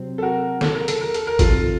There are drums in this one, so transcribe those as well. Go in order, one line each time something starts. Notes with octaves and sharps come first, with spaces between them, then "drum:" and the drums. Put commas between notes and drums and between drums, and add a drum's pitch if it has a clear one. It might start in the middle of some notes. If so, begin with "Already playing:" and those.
Already playing: C3 F#3 C4
A4
F#4 A#4
A4, drum: snare
A#4
A4, drum: hi-hat
A#4
A4, drum: hi-hat
A#4
F2 C3 D#3 F4 A4, drum: kick G#1, hi-hat